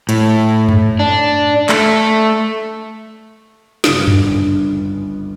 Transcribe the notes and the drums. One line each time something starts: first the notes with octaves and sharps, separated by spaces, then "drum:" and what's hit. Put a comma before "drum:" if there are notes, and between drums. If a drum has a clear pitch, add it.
A2, drum: hi-hat
drum: tom F#2
D4
A3, drum: clap
G1 C#2 D4 D#5 F6 F#6, drum: snare
drum: tom F#2